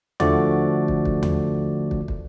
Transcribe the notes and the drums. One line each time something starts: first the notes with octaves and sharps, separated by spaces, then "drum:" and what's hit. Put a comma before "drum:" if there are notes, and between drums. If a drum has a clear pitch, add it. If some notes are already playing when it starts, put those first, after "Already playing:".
D3 F3 A3 F#4 D5, drum: tom D#2
drum: kick
drum: kick
drum: tom D#2
drum: kick
drum: kick